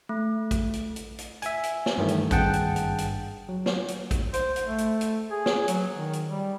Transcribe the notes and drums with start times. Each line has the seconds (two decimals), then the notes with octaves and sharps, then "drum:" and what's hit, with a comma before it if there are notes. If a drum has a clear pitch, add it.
0.09 A3
0.51 drum: kick A1, hi-hat
0.74 drum: hi-hat
0.96 drum: hi-hat
1.18 drum: hi-hat
1.42 E5 G#5, drum: hi-hat
1.63 drum: hi-hat
1.86 drum: snare
1.98 G2 D#3 E3 A3
2.08 drum: hi-hat
2.31 G#1 G2 G#4 F#5 G5 A5, drum: kick A1, hi-hat
2.53 drum: hi-hat
2.76 drum: hi-hat
2.98 drum: hi-hat
3.49 F#3
3.66 drum: snare
3.88 drum: hi-hat
4.11 drum: kick A1, hi-hat
4.34 C5, drum: hi-hat
4.56 drum: hi-hat
4.66 A3
4.78 drum: hi-hat
5.01 drum: hi-hat
5.31 G#4
5.46 drum: snare
5.68 F#3, drum: hi-hat
5.96 D#3
6.13 drum: hi-hat
6.28 G3